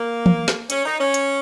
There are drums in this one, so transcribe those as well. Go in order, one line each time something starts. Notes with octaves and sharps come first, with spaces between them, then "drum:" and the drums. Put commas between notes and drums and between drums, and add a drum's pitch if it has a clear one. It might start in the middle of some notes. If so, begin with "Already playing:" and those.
Already playing: A#3
drum: tom E3
drum: snare
C#4, drum: hi-hat
D#4
C#4
drum: hi-hat